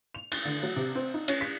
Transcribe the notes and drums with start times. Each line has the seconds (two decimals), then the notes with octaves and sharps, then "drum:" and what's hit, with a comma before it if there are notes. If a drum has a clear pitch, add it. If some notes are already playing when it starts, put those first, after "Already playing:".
0.15 F7
0.32 A6, drum: cymbal
0.45 D3
0.63 F#3
0.76 C3
0.95 C4
1.14 D#4
1.28 C#4, drum: cymbal
1.41 B6